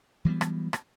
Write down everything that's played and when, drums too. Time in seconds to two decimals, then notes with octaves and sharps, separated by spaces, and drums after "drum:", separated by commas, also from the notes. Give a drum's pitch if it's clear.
0.25 E3 F#3 G3 B3
0.41 drum: rim click
0.73 drum: rim click